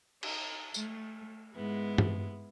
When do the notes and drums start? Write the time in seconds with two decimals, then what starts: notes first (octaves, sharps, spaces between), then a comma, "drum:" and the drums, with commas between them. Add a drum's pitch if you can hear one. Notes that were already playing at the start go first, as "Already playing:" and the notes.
0.23 D#4, drum: cymbal
0.74 A3, drum: tambourine
1.54 G#2 G#3 B3 E4
1.98 drum: tom G2